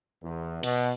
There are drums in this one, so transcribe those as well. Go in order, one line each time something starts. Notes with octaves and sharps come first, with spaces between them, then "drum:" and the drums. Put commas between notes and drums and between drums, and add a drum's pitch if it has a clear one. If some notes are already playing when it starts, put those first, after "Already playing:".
E2
B2, drum: cymbal